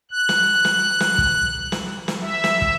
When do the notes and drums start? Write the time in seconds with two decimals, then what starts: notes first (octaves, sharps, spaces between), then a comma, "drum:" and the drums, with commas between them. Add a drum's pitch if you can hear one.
0.11 F#6
0.29 drum: snare
0.65 drum: snare
1.00 drum: snare
1.18 drum: kick
1.72 drum: snare
2.08 drum: snare
2.21 E5
2.44 drum: snare
2.62 drum: kick